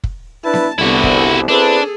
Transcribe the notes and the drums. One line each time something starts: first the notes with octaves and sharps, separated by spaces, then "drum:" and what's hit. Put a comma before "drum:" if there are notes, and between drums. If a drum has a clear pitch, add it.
drum: kick
D4 E4 B4 A5
drum: snare B3
C2 D3 B3 E4 F#4
drum: kick
C4 D4 E4 G#4 A4 B4